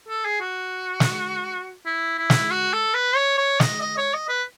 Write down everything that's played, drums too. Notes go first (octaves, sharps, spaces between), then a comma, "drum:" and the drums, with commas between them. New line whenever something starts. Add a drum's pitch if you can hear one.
A4
G#4
F#4
drum: snare
E4
E4
drum: snare
F#4
A4
B4
C#5
C#5
D#5, drum: snare
D#5
C#5
D#5
B4